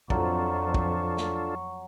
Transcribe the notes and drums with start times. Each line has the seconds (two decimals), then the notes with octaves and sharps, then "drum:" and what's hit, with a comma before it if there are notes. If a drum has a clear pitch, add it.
0.10 F2 F#3 D4 F4 A4 C#6, drum: kick
0.74 drum: kick
1.17 drum: snare